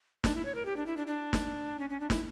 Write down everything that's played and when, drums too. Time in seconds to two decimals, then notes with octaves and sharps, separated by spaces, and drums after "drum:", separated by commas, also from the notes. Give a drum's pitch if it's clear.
0.24 D4, drum: snare
0.35 E4
0.45 C#5
0.55 A#4
0.65 G4
0.77 D4
0.86 E4
0.97 D4
1.07 D4
1.33 drum: snare
1.79 C#4
1.90 C#4
2.00 D4
2.10 E4, drum: snare